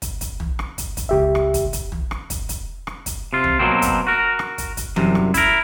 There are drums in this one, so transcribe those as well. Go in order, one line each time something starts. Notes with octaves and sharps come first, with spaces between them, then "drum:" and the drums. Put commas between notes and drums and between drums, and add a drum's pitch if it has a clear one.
drum: kick, hi-hat
drum: kick, hi-hat
drum: tom
drum: rim click
drum: kick, hi-hat
drum: kick, hi-hat
C#2 G4 E5
drum: rim click
drum: kick, hi-hat
drum: kick, hi-hat
drum: tom
drum: rim click
drum: kick, hi-hat
drum: kick, hi-hat
drum: rim click
drum: kick, hi-hat
C3 F4
drum: tom
B2 F#3 A#3 C4
drum: kick, hi-hat
F#4 A#4
drum: rim click
drum: kick, hi-hat
drum: kick, hi-hat
C2 F#2 C3, drum: tom E3
drum: rim click
E4 A#4, drum: kick, hi-hat